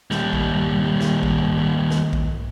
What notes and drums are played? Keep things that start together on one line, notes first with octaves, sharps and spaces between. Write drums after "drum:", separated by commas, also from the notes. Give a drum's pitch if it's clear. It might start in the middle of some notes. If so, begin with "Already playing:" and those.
D#2 G3, drum: snare
drum: kick A#1
drum: snare
drum: kick A#1
drum: snare
drum: kick A#1